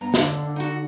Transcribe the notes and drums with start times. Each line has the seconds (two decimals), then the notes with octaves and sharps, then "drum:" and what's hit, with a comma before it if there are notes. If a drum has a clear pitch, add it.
0.01 G2 B3 A#5
0.14 D3 A#3 D4, drum: snare
0.56 D#4 F#4